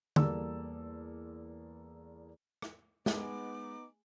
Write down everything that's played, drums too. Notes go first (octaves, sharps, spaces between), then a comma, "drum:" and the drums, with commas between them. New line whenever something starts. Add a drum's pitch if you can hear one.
E2 G3 A#3 A4 D5 E6, drum: tom D3
drum: rim click
G#3 B3 D#4 D6, drum: snare